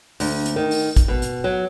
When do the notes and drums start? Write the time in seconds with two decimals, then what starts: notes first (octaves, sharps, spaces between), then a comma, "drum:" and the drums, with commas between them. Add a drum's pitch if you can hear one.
0.20 D2, drum: open hi-hat
0.46 drum: hi-hat
0.56 D#3
0.71 drum: open hi-hat
0.96 drum: kick, hi-hat
1.08 B2
1.22 drum: hi-hat
1.44 F#3